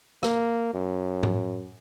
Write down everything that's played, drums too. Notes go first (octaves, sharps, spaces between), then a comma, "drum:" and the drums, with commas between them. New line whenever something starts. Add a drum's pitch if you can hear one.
A#3, drum: rim click
F#2
drum: tom G#2